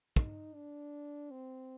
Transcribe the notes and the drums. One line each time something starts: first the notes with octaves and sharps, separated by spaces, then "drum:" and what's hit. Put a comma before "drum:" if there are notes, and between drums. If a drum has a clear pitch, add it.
D#4, drum: kick
D4
C4